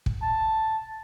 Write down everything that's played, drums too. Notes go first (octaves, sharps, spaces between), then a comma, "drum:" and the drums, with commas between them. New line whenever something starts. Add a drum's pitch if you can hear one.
drum: kick
A5